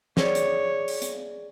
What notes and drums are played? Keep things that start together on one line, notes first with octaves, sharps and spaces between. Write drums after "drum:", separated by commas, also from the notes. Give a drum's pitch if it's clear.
G#4 C#5 D5, drum: snare
drum: hi-hat
drum: open hi-hat
drum: hi-hat